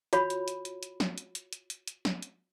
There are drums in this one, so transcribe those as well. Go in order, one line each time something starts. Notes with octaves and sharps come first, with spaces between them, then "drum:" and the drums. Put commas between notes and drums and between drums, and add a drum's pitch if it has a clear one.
F4 F#4 C#5 B5, drum: hi-hat
drum: hi-hat
drum: hi-hat
drum: hi-hat
drum: hi-hat
drum: snare
drum: hi-hat
drum: hi-hat
drum: hi-hat
drum: hi-hat
drum: hi-hat
drum: snare
drum: hi-hat